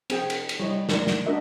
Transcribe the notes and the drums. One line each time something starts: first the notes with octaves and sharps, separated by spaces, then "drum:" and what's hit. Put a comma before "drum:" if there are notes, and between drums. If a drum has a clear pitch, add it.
C4 G#4 G5, drum: cymbal
drum: cymbal
drum: cymbal
G3 E4 C#5 D#5
A3 A#4 D5, drum: snare
drum: snare
D4 F#4 A#4 D#5 E5